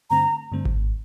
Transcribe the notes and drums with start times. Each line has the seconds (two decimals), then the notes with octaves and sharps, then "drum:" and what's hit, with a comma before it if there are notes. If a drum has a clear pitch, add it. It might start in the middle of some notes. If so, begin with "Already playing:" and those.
0.10 G2 D3 A3 C4 A#5
0.52 G2 D3 A3 C4
0.65 drum: kick G#1